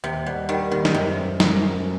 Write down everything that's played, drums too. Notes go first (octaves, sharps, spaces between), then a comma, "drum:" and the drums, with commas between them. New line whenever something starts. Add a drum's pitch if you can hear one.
D#2 C3
B2 G3
D#3 G3
D#2 D#3
D#3, drum: snare
F#2 C3
F#2
F#2, drum: snare
F#2